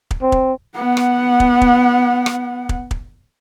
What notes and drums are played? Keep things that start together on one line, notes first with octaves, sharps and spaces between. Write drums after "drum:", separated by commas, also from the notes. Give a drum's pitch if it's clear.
drum: kick
C4
drum: kick
B3 F#5
drum: rim click
drum: kick
drum: kick
drum: rim click
drum: kick
drum: kick